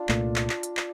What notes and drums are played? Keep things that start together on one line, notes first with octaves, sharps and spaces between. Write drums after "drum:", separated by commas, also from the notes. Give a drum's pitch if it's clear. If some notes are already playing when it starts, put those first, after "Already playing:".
Already playing: D4 F4
C2 A#2 A3, drum: clap
drum: clap
drum: clap
drum: hi-hat
drum: clap